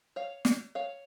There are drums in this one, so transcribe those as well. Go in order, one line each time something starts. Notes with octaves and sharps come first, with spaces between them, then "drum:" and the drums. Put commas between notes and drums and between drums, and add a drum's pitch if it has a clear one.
C#5 F5
drum: snare
C#5 F5